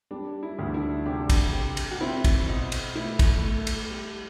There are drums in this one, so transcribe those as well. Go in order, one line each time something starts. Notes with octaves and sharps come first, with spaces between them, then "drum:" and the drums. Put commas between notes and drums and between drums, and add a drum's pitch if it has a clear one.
G3 D4
E4
D2
D4
E4
C3 D4
drum: kick, cymbal
C3
drum: cymbal
F#4
C4 E4
drum: kick, cymbal
B2
drum: cymbal
A3 E4
drum: kick, cymbal
A3
drum: cymbal
G3